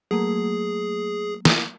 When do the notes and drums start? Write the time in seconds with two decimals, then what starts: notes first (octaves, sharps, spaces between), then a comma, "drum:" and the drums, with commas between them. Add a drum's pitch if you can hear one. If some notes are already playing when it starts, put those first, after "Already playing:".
0.11 F#3 A3 A#3 G#4
1.45 drum: snare